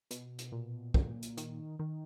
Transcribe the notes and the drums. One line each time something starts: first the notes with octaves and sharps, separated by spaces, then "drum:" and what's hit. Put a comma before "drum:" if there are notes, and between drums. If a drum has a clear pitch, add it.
B2, drum: hi-hat
drum: hi-hat
A#2
A#2, drum: kick
drum: hi-hat
D#3, drum: hi-hat
D#3